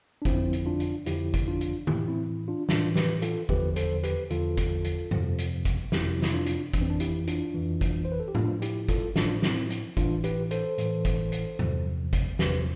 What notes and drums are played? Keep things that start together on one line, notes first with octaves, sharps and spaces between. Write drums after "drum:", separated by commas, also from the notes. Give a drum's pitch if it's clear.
D4
F2 D3 F3 C4 E4, drum: kick, hi-hat
drum: hi-hat
D4 F4
drum: hi-hat
F2 D3 F3 E4 G4, drum: hi-hat
drum: kick, hi-hat
D4 F4
drum: hi-hat
A2 E3 E4 G4, drum: tom D3
C4 E4
D4 F4
A2 E3 D4 F4, drum: snare
G4 B4, drum: snare
F4 A4, drum: hi-hat
E2 D3 F3 G4 B4, drum: kick
A4 C5, drum: hi-hat
G4 B4, drum: hi-hat
E2 D3 F3 F4 A4, drum: hi-hat
drum: kick, hi-hat
drum: hi-hat
F2 C3 F3, drum: tom G2
drum: hi-hat
drum: kick, hi-hat
F2 C3 F3 E4 G4, drum: snare
E4, drum: snare
D4 F4
drum: hi-hat
F2 E3 D4, drum: kick, hi-hat
C4
D4
E4 G4, drum: hi-hat
D4 F4, drum: hi-hat
F2 E3
drum: kick, hi-hat
C5
B4
A4
G4
A2 F3 D4 F4, drum: tom A2
E4 G4, drum: hi-hat
F4 A4, drum: kick, hi-hat
A2 F3 D4 F4, drum: snare
C4 E4, drum: snare
drum: hi-hat
A2 E3 D4 F4, drum: kick, hi-hat
G4 B4, drum: hi-hat
A4 C5, drum: hi-hat
A2 E3, drum: hi-hat
drum: kick, hi-hat
drum: hi-hat
E2 C3 F3, drum: tom G2
drum: kick, hi-hat
E2 C3 F3 G4 B4, drum: snare